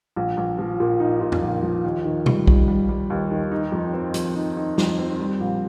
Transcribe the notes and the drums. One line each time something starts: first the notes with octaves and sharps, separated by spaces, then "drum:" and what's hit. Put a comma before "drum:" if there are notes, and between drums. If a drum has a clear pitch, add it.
A#1
A#1
F3
A#2
D#4
A#2
drum: tom F2
A#1
F3
D#2
D#3
G3, drum: tom B2
G3, drum: kick
G3
G3
D#2
D#3
D#4
F2
C4
F2, drum: hi-hat
D#4
D#4
F2, drum: snare
C4
G3
A#1